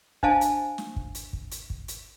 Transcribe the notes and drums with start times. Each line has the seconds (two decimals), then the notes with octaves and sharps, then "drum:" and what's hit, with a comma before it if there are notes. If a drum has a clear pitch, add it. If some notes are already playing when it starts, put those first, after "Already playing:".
0.23 D4 C5 D#5 F5 G#5 A5, drum: kick
0.41 drum: hi-hat
0.78 drum: snare
0.96 drum: kick
1.15 drum: hi-hat
1.33 drum: kick
1.52 drum: hi-hat
1.70 drum: kick
1.88 drum: hi-hat